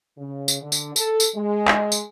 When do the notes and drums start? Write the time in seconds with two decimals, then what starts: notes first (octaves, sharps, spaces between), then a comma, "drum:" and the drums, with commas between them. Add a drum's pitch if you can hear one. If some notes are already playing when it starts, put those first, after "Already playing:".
0.18 C#3
0.48 drum: tambourine
0.62 D3
0.72 drum: tambourine
0.96 A4, drum: tambourine
1.20 drum: tambourine
1.35 G#3
1.68 drum: clap
1.92 drum: tambourine